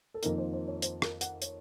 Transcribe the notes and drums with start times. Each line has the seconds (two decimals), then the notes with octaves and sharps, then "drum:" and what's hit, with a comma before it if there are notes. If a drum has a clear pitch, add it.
0.14 A4
0.23 F2 D#3 A#3 D#4 A#4, drum: hi-hat
0.38 C5
0.53 C5
0.68 C#5
0.82 C5, drum: hi-hat
1.02 A#4, drum: rim click
1.21 F#5, drum: hi-hat
1.42 C#5, drum: hi-hat